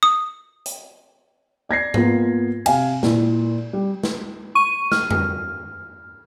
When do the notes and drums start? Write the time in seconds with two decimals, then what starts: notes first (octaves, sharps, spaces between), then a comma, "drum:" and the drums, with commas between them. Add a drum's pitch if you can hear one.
0.03 D#6
0.66 drum: hi-hat
1.69 D5 G#6 A#6 C7
1.94 A#3 B3 F4, drum: tom G#2
2.66 C3 F5 G#5, drum: cymbal
3.03 A#2 E4, drum: snare
3.73 G3
4.03 drum: snare
4.55 C#6 D#7
4.92 F6, drum: snare
5.11 drum: tom